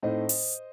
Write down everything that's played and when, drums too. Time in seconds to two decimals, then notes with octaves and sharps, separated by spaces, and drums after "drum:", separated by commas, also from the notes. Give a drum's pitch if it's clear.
0.03 A2 A3 C4 D#4 C5 D#5
0.29 drum: open hi-hat